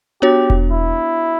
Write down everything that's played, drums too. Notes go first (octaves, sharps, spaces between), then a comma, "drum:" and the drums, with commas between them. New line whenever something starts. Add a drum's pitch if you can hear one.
B3 D4 F#4 G4 C#5
drum: kick E1
E4